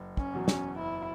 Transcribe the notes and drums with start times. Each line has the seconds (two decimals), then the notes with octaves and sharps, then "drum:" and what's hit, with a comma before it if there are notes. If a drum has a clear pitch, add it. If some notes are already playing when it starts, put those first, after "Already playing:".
Already playing: F#1
0.17 C#4, drum: kick
0.33 E2 B2 F#3
0.48 C#4, drum: snare
0.78 F#1 E4